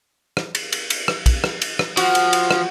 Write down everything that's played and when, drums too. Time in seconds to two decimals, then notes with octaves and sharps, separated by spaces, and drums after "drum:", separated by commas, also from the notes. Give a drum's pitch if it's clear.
0.37 drum: rim click
0.55 drum: cymbal
0.72 drum: cymbal
0.90 drum: cymbal
1.08 drum: rim click
1.26 drum: kick, cymbal
1.44 drum: rim click
1.62 drum: cymbal
1.79 drum: rim click
1.97 F3 F#4, drum: cymbal
2.15 drum: cymbal
2.33 drum: cymbal
2.51 drum: rim click